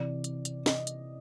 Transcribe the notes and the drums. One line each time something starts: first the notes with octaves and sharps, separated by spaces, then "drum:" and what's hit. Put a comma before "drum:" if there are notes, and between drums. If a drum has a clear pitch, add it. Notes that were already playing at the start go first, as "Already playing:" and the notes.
Already playing: C3 E3 D5
drum: hi-hat
drum: hi-hat
D#5, drum: snare
drum: hi-hat